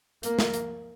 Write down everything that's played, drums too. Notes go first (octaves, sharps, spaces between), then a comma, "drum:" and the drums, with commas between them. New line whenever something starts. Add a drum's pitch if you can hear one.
A#3, drum: hi-hat
drum: snare
drum: hi-hat